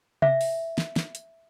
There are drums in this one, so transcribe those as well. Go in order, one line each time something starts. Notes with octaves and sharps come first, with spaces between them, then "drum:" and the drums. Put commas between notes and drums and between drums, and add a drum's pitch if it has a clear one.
E5, drum: tom C3
drum: open hi-hat
drum: snare
drum: snare
drum: hi-hat